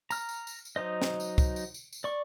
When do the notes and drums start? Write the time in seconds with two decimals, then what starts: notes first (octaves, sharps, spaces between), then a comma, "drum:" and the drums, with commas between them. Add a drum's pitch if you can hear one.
0.10 A#5 F6, drum: tambourine
0.29 drum: tambourine
0.47 drum: tambourine
0.65 drum: tambourine
0.76 F#3 D#4 C5 D#5
1.02 drum: snare
1.20 drum: tambourine
1.38 drum: kick C2, tambourine
1.56 drum: tambourine
1.74 drum: tambourine
1.93 drum: tambourine
2.04 D5 C#6